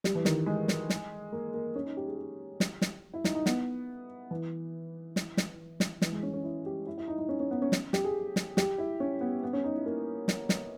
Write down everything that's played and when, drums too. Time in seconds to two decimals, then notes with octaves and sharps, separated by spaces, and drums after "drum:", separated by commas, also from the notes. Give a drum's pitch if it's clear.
0.04 G3, drum: snare
0.15 E3
0.25 D#3, drum: snare
0.46 G#3
0.68 drum: snare
0.90 drum: snare
1.32 A#3
1.54 A#3
1.75 C#4
1.85 D#4
1.97 G4
2.07 G#4
2.18 G4
2.60 drum: snare
2.82 drum: snare
3.14 E4
3.24 D#4, drum: snare
3.35 D#4
3.46 B3, drum: snare
4.31 E3
5.16 drum: snare
5.37 drum: snare
5.80 drum: snare
6.02 E3, drum: snare
6.12 G#3
6.23 C#4
6.33 C#4
6.44 E4
6.66 G4
6.87 E4
6.98 E4
7.08 D#4
7.19 D#4
7.29 C#4
7.40 C#4
7.51 B3
7.62 C#4
7.72 drum: snare
7.93 G4, drum: snare
8.04 G#4
8.36 drum: snare
8.57 G4, drum: snare
8.78 E4
9.00 C#4
9.21 B3
9.43 B3
9.53 C#4
9.64 D#4
9.75 E4
9.86 A#3
10.28 drum: snare
10.49 drum: snare